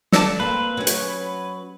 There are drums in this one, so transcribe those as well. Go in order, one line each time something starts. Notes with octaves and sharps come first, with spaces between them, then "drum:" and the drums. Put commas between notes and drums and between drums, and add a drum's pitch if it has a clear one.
A4 D5 A5, drum: snare
A#3 C4 B4
F#3 C#4
drum: hi-hat